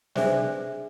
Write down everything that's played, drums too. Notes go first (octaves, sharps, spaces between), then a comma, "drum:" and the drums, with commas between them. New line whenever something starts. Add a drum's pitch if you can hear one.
D4 G#4 B4 C5 D5 E5, drum: snare